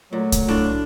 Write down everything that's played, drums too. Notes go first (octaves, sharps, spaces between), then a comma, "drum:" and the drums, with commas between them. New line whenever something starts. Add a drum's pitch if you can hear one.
A#2 F#3 A3
drum: kick C2, hi-hat
A2 D4 F4